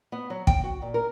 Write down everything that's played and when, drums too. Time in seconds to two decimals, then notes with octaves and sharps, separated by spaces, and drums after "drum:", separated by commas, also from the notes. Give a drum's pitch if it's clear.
0.12 B3
0.30 F#3
0.47 G5, drum: kick
0.64 F#4
0.82 A#2
0.94 A#4